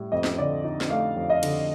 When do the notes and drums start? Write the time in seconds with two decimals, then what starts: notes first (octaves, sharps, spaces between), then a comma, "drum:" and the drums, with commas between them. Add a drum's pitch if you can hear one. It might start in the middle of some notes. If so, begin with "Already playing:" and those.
Already playing: A2 G3
0.12 F2 D#5
0.24 drum: snare
0.38 D3 D5
0.64 D#4
0.81 drum: snare
0.90 A3 F5
1.16 F2
1.30 D#5
1.43 D3, drum: cymbal